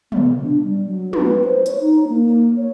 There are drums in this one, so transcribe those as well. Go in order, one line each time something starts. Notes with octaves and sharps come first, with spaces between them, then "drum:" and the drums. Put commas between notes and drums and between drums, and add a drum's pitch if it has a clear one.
B3, drum: tom
D4
G3
F#3
B4, drum: tom
C5
C#5, drum: hi-hat
D#4
A#3
C#5